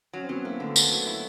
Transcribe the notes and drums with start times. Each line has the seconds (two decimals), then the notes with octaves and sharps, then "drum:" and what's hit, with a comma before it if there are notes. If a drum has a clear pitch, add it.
0.13 F#3 C#4
0.24 C4
0.29 F#3 B3
0.45 A#3 E4
0.60 D3 A3
0.76 B3, drum: tambourine
0.91 F#3
1.07 E4